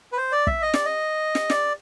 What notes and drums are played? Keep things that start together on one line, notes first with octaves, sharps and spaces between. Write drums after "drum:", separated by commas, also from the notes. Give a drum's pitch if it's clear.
B4
C5
D5
E5, drum: kick
D#5
D5, drum: snare
D#5
drum: snare
D5, drum: snare